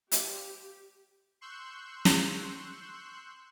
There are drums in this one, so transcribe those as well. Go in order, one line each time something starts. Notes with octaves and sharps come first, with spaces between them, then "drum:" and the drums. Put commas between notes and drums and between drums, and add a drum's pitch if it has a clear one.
G4 C5 D5 F5, drum: hi-hat
C6 C#6 E6 F#6 G6
drum: snare